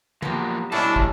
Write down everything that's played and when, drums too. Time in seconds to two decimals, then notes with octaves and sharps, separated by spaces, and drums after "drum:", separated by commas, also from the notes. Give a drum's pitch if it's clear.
0.22 F3 F#3 A#3 B3 G4, drum: tom
0.72 B2 G3 A3 C#4 D4 E4 A4 A5
0.96 drum: kick